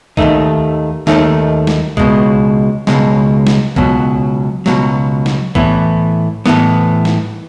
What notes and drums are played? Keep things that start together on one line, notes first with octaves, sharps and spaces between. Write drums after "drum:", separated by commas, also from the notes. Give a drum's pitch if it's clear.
D#2 D#3 A3 D#4, drum: kick B1
D#2 D#3 A3 D#4, drum: snare
drum: snare
C#2 B2 G#3, drum: kick B1
C#2 B2 G#3, drum: snare
drum: snare
C#2 B2 F#3, drum: kick B1
C#2 B2 F#3, drum: snare
drum: snare
A2 E3 B3, drum: kick B1
A2 E3 B3, drum: snare
drum: snare